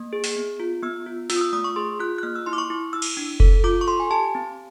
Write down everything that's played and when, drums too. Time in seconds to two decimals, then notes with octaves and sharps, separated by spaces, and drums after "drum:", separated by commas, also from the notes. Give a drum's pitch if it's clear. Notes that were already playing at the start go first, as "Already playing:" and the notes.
Already playing: A#3
0.13 G#4
0.24 drum: open hi-hat
0.36 B3
0.60 F4
0.83 B3 E6
1.06 F4
1.30 F4 E6, drum: open hi-hat
1.36 D#6
1.41 E6
1.53 A3 D#6
1.64 C#6
1.76 G#4 C6
1.99 F4 F#6
2.18 F#6
2.23 A#3 F6
2.36 E6
2.46 E4 C6
2.53 D6
2.58 C#6
2.70 E4 D6
2.93 E4 E6
3.02 drum: cymbal
3.17 D4
3.40 A4, drum: kick F1
3.64 F4 D6
3.81 C#6
3.87 A4 C6
4.00 G#5
4.11 G4 A5
4.35 C4